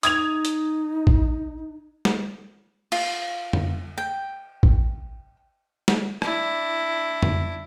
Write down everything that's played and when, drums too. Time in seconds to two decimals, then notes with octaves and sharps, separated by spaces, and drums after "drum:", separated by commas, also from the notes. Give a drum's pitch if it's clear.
0.03 D#4 D#6 G#6 F7, drum: hi-hat
0.45 drum: hi-hat
1.07 drum: kick A1
2.05 drum: snare
2.92 F4, drum: cymbal
3.53 drum: tom F2
3.98 G5
4.63 drum: kick A1
5.88 drum: snare
6.22 D4 E4, drum: rim click
7.23 drum: tom F2